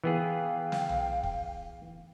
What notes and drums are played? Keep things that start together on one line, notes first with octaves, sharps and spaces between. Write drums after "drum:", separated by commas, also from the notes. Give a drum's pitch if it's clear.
E3 B3 G#4 F5 G5
drum: snare
drum: tom B1
drum: kick